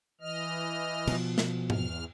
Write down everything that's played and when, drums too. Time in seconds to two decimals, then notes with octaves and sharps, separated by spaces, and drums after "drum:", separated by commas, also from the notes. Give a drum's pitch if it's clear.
0.21 E3 D#5 F6
1.07 B2 F3, drum: cymbal
1.38 drum: snare
1.70 E2 F6, drum: tom G#2